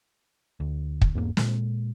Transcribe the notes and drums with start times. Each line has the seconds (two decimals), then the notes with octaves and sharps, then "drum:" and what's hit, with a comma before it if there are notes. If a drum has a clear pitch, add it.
0.60 D2
1.02 drum: kick
1.15 E2 G#2 G#3 A#3
1.37 A#2 G#3, drum: snare